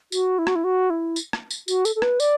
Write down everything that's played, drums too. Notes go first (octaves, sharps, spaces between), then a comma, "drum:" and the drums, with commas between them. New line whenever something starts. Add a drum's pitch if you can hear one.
F#4, drum: tambourine
E4
F#4, drum: rim click
E4
F#4
E4
drum: tambourine
drum: rim click
drum: tambourine
F#4, drum: tambourine
A4, drum: tambourine
A4
B4, drum: rim click
D5, drum: tambourine